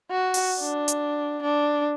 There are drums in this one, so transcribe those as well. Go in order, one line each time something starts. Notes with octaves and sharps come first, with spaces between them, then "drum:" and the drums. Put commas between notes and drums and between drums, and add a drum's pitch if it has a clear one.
F#4
drum: open hi-hat
D4
drum: hi-hat
D4